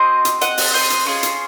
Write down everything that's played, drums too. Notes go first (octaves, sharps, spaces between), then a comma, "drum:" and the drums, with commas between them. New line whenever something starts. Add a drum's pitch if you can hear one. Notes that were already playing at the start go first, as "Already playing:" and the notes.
Already playing: C4 F#4 C5 D#5
drum: hi-hat
D#5 F#5, drum: hi-hat
drum: open hi-hat
C5 D#5
drum: hi-hat
C#4 F4 G#4
drum: hi-hat